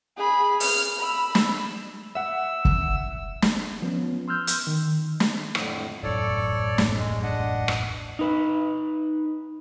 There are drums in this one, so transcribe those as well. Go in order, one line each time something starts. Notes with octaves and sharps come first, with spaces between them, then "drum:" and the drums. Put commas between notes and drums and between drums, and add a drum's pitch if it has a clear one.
G#4 B5
F6, drum: open hi-hat
B5 E6
drum: snare
E5 F#5 E6
drum: kick
drum: snare
F3 B3 C#4
C6 E6 F6 G6
drum: hi-hat
D#3
drum: snare
F2 A2 D3, drum: rim click
E1 A1 F#2 A4 C#5 D5
drum: snare
G#3
D4 D#5 F#5
drum: rim click
D#4 B4